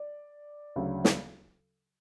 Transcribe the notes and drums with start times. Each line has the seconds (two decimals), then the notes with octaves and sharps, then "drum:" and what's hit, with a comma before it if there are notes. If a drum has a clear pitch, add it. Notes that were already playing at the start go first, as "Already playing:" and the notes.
Already playing: D5
0.76 D2 C#3 F#3
1.05 drum: snare